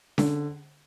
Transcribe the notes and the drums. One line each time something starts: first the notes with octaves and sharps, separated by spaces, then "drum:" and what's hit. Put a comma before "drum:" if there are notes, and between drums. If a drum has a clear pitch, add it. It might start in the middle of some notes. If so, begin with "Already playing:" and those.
D3, drum: snare C#4